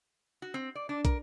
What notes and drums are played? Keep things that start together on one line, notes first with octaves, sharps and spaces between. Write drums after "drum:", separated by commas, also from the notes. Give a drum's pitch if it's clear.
F#4
C4
D5
D4
A#4, drum: kick, hi-hat